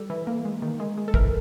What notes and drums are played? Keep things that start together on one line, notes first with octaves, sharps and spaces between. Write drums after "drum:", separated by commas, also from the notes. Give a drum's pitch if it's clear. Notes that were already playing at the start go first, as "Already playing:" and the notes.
Already playing: G3 A4
E3
A#3
G#3
D#3
G#3
G#3
A4
E3 A#4, drum: kick